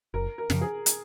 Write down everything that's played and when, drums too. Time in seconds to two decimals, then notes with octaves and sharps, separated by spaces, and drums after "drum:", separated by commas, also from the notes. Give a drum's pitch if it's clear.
0.14 F#1 A#4
0.38 A#4
0.50 F#2 C#3 F3, drum: snare
0.61 G#4
0.86 drum: hi-hat